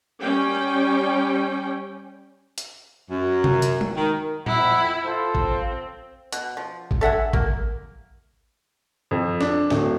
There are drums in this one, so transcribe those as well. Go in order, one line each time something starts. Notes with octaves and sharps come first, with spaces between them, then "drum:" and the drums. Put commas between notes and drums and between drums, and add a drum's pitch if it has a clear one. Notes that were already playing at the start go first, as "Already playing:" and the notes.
G3 C#4 G5
drum: hi-hat
F#2
drum: tom C3
drum: hi-hat
drum: tom G#3
D#3
F2 E4 F#5, drum: tom
F4 A4 C5
C4, drum: kick
B2, drum: hi-hat
F3
drum: kick
A4 E5 F#5 G#5
A#3, drum: kick
F2
D4, drum: snare
D1, drum: snare